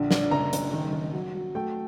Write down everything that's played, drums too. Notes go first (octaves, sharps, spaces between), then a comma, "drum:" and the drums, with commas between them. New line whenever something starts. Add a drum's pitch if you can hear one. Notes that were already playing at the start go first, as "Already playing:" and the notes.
Already playing: A#1 D3
D4, drum: snare
F#1 A#5
F#1, drum: hi-hat
D#3
D#3
F#3
F#3
A3 G5